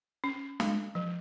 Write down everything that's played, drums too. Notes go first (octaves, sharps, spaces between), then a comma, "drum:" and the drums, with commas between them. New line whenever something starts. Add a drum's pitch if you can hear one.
C#4
G#3, drum: snare
F3